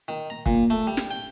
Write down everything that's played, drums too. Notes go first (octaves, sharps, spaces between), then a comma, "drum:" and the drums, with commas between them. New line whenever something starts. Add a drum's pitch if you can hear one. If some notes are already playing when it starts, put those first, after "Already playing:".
D#3
A#5
A#2, drum: kick
A3
G3
drum: snare
G5